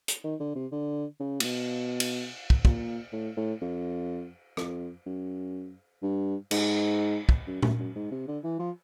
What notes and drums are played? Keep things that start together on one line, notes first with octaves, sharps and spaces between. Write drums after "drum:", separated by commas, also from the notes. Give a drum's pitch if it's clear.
drum: hi-hat
D#3
D3
C3
D3
C#3
A#2, drum: cymbal
B2
drum: cymbal
drum: kick
A#2, drum: kick
A2
A2
F2
F2, drum: rim click
F#2
G2
G#2, drum: cymbal
drum: kick
F#2
F#2, drum: tom A#2
F#2
G#2
C3
D3
E3
F3